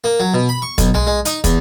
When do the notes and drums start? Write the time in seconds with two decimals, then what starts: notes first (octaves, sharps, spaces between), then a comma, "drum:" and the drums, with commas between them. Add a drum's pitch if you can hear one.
0.04 A#3
0.20 F#3
0.34 B2
0.49 B5
0.62 C#6
0.78 B1, drum: kick, hi-hat
0.94 G#3, drum: tom B1
1.07 G#3
1.25 D#4, drum: hi-hat
1.44 E2, drum: kick, hi-hat